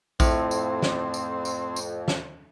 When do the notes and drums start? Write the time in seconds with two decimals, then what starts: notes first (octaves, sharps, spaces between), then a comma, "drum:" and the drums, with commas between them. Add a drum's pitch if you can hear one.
0.20 F2 A2 C4, drum: kick A#1, tambourine
0.51 drum: tambourine
0.82 drum: snare
1.14 drum: tambourine
1.45 drum: tambourine
1.76 drum: tambourine
2.08 drum: snare